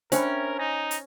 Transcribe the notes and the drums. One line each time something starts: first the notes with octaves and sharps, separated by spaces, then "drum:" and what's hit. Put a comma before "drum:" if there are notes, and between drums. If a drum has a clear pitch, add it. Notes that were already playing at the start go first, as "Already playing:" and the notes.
C#4 D4 A#4 C5 E5 G5 B5, drum: hi-hat
D#4 G#5 A#6
drum: hi-hat